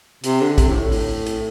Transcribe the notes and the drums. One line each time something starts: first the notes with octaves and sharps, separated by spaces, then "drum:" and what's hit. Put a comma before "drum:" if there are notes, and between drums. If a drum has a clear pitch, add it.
C3, drum: hi-hat
D3
C3, drum: kick A#1, hi-hat
A2
A2
drum: open hi-hat
drum: hi-hat